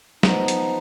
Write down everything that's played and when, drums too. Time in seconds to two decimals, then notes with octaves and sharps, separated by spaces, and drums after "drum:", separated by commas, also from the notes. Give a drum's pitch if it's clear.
0.23 F3 B3 D#4, drum: snare
0.48 drum: hi-hat